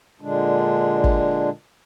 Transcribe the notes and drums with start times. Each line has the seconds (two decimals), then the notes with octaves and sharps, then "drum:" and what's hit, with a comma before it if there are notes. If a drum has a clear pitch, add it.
0.21 A#2 D3 G#3 D4
1.04 drum: kick